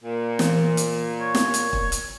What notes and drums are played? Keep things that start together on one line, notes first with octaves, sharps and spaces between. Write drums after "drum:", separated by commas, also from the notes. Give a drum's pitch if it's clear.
A#2
E3, drum: snare
drum: hi-hat
C#5
drum: snare
drum: hi-hat
drum: kick
drum: hi-hat